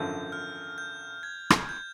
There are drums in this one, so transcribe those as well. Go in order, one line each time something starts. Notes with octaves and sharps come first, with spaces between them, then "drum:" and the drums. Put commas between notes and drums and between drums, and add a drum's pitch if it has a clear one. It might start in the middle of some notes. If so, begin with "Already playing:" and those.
Already playing: G#1 F#2 D3 F3 G6
F6
G6
G#6
drum: rim click
G6